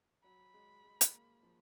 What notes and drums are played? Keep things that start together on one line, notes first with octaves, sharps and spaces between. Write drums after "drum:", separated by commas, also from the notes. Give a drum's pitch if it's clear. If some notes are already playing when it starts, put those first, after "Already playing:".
F#3 B5
G#3
G#3
drum: hi-hat
A#3
F3